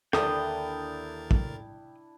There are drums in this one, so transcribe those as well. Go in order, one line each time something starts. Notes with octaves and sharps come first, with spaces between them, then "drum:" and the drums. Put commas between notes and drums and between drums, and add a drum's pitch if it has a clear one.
D#2 D3 D4 E4 A#4 G5 D#6 A6, drum: rim click
drum: kick